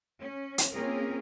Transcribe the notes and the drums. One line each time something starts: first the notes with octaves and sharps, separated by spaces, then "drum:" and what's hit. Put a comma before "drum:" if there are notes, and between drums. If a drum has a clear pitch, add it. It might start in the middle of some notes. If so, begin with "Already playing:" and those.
C#4
drum: hi-hat
A#3 C4 C#4 F4 G#4 A#4